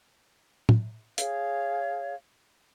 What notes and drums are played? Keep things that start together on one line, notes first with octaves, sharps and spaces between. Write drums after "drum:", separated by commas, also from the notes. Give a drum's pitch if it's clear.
drum: tom A2
G#4 C#5 F5, drum: hi-hat